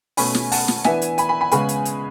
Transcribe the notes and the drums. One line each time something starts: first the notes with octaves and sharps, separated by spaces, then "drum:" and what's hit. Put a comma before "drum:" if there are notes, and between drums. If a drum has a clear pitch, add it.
B2 A3 C#4 G#5 B5, drum: open hi-hat
drum: snare
F#5 A5, drum: open hi-hat
drum: snare
E3 B3 D4 E5 G#5, drum: snare
drum: hi-hat
G#5 B5, drum: hi-hat
G#5 B5
G#5 B5
C#3 G#3 B3 G#5 B5, drum: hi-hat
drum: hi-hat
drum: hi-hat